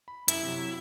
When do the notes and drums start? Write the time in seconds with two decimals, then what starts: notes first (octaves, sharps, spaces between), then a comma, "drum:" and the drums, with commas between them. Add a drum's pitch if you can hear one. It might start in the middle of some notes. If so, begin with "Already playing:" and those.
0.08 B5
0.28 F#2 E4 E5, drum: hi-hat
0.43 C3 F#3